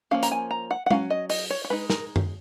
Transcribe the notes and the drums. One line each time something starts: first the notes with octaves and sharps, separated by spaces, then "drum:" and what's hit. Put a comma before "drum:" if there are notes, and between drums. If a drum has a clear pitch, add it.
F3 A#3 C#4 F5
A#5, drum: hi-hat
G#5
A#5
F#5
F#5
F#3 C#4 F5, drum: tom G#3
D#5
D#5, drum: open hi-hat
C#5
C#5
G#3 D#4 B4
A#4, drum: snare
drum: tom F#2